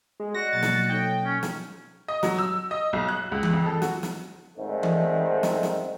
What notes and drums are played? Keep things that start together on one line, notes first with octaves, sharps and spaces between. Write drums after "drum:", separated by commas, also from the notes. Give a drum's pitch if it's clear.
G#3
F#4 D5 D#5 A#6
B2 F#3 A#3 A6
drum: snare
D#4 A4 C#5 G5
C#4
drum: snare
D#5
F#3, drum: snare
E6
D#5
B1
F#6
C#2
drum: tom E3
F2
A4
F#4, drum: snare
drum: snare
F2 G#2 D3 D#3 A3 C4
drum: tom E3
drum: snare
drum: snare